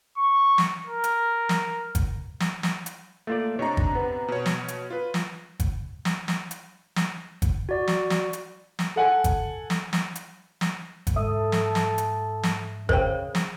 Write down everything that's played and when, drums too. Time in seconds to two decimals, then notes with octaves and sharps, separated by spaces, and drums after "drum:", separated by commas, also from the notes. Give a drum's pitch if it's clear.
0.17 C#6
0.58 drum: snare
0.87 A#4
1.04 drum: hi-hat
1.49 drum: snare
1.95 drum: kick, hi-hat
2.40 drum: snare
2.63 drum: snare
2.86 drum: hi-hat
3.27 A3 A#3 F4 D5
3.59 C3 D4 D#4 C#5 A#5
3.77 drum: kick
3.95 B3
4.28 B2 C#5
4.46 drum: snare
4.68 drum: hi-hat
4.90 F4 B4
5.14 drum: snare
5.60 drum: kick, hi-hat
6.05 drum: snare
6.28 drum: snare
6.51 drum: hi-hat
6.96 drum: snare
7.42 drum: kick, hi-hat
7.69 F#4 D5
7.88 drum: snare
8.10 drum: snare
8.33 drum: hi-hat
8.79 drum: snare
8.96 A4 F#5 G#5
9.24 drum: kick, hi-hat
9.70 drum: snare
9.93 drum: snare
10.15 drum: hi-hat
10.61 drum: snare
11.07 drum: kick, hi-hat
11.16 G#2 A4 E5 D#6
11.52 drum: snare
11.75 drum: snare
11.98 drum: hi-hat
12.43 drum: snare
12.89 C#3 A#4 C5 G5, drum: kick
13.35 drum: snare